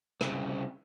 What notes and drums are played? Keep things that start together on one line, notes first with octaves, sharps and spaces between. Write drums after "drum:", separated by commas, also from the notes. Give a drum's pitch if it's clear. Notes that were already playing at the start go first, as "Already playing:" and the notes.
C2 C#3, drum: rim click